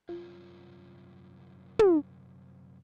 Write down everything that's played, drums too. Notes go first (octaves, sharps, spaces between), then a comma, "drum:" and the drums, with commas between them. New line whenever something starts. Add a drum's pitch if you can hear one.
C2 F#2 F4
drum: tom